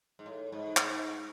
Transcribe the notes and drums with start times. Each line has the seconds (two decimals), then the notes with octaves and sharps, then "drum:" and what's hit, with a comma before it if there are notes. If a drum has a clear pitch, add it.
0.19 G#2
0.26 A2
0.52 G#2
0.77 drum: clap